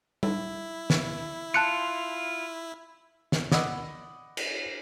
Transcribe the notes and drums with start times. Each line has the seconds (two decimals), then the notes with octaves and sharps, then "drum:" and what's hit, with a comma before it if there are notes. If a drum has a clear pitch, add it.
0.23 E4, drum: tom G3
0.90 drum: snare
1.54 F4 A5 F#6 C#7
3.32 drum: snare
3.52 D5 D#5 F#5 B5 E6, drum: snare
4.37 drum: cymbal